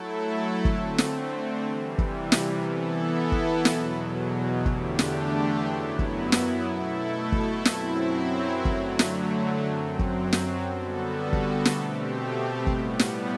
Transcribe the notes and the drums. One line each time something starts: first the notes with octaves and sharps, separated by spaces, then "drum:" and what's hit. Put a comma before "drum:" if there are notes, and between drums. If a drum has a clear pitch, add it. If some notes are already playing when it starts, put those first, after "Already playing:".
Already playing: F#3 A3 E4 A4
D3 A3 C4, drum: kick
drum: snare
C3 E3 G3
drum: kick
drum: snare
E3 B3 E4 A4
drum: kick
E2 B2 F#3, drum: snare
E2 D3 A3 D4 G4, drum: kick
drum: snare
F#2 F#3 B3 E4
drum: kick
drum: snare
B2 A3 E4 A4
drum: kick
F#2 F#3 C4 E4, drum: snare
D3 F#3 A3, drum: kick
drum: snare
F#2 F#3 C4
drum: kick
drum: snare
D3 G3 B3 F#4 A4
drum: kick
B2 A3 C4 G4, drum: snare
A2 G3 B3, drum: kick
drum: snare